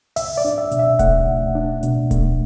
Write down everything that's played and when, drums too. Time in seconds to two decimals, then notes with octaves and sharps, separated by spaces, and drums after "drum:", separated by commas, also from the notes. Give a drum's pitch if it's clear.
0.16 C#2 E5, drum: open hi-hat
0.37 D5
0.45 D4
0.58 E5
0.71 B2, drum: hi-hat
0.79 E5
0.99 A3 F#5, drum: kick D1, hi-hat
1.27 C#2
1.55 D4
1.83 B2, drum: hi-hat
2.11 A3, drum: kick D1, hi-hat